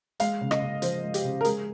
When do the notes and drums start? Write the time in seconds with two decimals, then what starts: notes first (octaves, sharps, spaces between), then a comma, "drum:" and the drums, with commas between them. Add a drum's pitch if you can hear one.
0.20 G#3 F5, drum: hi-hat
0.41 C#3
0.51 D#5, drum: rim click
0.62 C#3
0.82 F3 C5, drum: hi-hat
1.04 G#3
1.14 G4, drum: hi-hat
1.24 C#3
1.41 A#4
1.45 G#3 G#4, drum: hi-hat